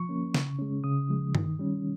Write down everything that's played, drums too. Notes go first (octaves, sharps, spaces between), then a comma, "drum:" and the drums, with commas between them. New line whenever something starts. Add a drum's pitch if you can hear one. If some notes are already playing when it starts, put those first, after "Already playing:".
Already playing: F3 C#6
A#3 C#4
C#3, drum: snare
G#3 C#4
C#3 D#6
F3 G#3
D#3, drum: tom G2
G3 C#4